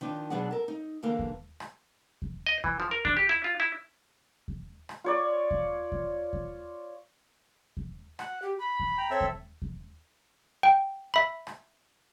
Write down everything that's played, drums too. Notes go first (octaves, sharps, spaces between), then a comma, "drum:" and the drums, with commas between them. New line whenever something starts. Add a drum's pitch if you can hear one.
D#3 F3 D4
B2 F#3 D4 G#4 D5 F#5
A4 A#4
D#4
E2 D3 A#3 A4 A#4 F5
drum: kick E2
drum: rim click
drum: kick E2
D#5
E3, drum: kick E2
F3
A#4
D4, drum: kick E2
G4
E4
F4
E4
drum: kick E2
drum: rim click
F4 C#5 D5
drum: kick E2
drum: kick E2
drum: kick E2
drum: kick E2
F#5, drum: rim click
G4
B5
drum: kick E2
G5 A#5
C4 A4 C#5 E5
drum: kick E2
drum: kick E2
G5
E5 B5
drum: rim click